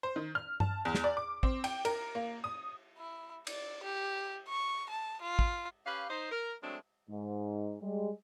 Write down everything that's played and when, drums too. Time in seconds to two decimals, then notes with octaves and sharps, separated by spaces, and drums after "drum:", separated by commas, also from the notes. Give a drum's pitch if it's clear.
0.03 C5
0.16 D#3
0.35 F6
0.60 A5, drum: tom G2
0.85 E2
0.95 drum: snare
1.04 D5
1.17 D6
1.43 C4, drum: kick
1.64 G5, drum: cymbal
1.85 A#4, drum: cymbal
2.15 A#3
2.44 D#6
2.98 E4
3.47 D5, drum: cymbal
3.83 G4
4.48 C#6
4.90 A5
5.22 F4
5.39 drum: kick
5.86 C#4 G4 B4 F5
6.10 D#4 C5
6.32 A#4
6.63 F#3 G#3 A3 C4 D4
7.09 G#2
7.81 G3 G#3